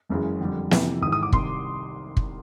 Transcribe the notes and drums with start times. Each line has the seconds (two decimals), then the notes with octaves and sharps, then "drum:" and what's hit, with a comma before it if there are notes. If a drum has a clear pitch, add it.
0.09 F#1 F#2 C#3 E3 G#3
0.40 F2 D3 G3
0.71 F2 C3 E3, drum: snare
1.02 G#1 G#2 E3 D#6
1.12 D#6
1.23 D6
1.32 C2 C3 D#3 C6, drum: kick
2.17 drum: kick